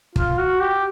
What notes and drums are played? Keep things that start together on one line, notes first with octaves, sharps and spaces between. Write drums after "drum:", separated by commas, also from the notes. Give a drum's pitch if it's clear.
F4, drum: kick
F#4
G4